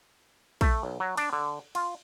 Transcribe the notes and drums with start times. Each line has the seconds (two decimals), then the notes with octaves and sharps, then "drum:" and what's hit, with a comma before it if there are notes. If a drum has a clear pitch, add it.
0.61 A3, drum: kick, cymbal
0.83 B1
1.00 F#3
1.17 D4, drum: cymbal
1.33 D3
1.75 F4, drum: cymbal